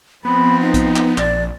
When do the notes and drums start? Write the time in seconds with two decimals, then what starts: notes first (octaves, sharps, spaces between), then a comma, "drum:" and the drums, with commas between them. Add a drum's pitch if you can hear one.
0.25 F3 B3 C4 B5
0.61 D#4
0.74 drum: kick, hi-hat
0.96 drum: clap
1.18 A#1 D5, drum: clap